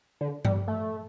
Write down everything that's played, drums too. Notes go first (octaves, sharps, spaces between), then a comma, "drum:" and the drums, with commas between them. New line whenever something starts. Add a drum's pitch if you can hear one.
D3
G3, drum: tom G2
A3